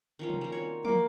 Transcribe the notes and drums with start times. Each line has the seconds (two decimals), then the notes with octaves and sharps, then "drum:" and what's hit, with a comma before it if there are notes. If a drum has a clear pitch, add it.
0.19 D#3 F3 C#4
0.29 drum: tom C3
0.41 G3 A#3
0.52 C4 F#4 C#5
0.85 A#3 F#4 D6, drum: tom E3